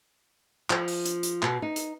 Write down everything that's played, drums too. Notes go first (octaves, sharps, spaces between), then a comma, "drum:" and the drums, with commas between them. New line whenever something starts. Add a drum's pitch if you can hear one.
F3, drum: clap
drum: open hi-hat
drum: hi-hat
drum: hi-hat
B2, drum: clap
D#4
drum: hi-hat